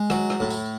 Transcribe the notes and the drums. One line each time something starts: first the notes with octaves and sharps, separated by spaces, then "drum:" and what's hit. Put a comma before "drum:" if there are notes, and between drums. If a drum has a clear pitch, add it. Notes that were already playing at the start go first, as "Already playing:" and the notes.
Already playing: G#3
F#3, drum: rim click
drum: rim click
A2
drum: tambourine